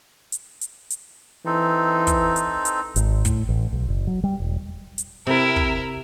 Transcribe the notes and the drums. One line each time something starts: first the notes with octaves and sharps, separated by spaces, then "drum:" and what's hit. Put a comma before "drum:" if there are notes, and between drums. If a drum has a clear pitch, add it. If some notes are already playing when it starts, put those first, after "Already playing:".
drum: hi-hat
drum: hi-hat
drum: hi-hat
E3 C4 D#4 A4
drum: kick, hi-hat
drum: hi-hat
drum: hi-hat
G#1, drum: hi-hat
A2, drum: kick, hi-hat
A1
B1
F#1
F#3
G3
E1
drum: hi-hat
C3 E4 A#4
drum: kick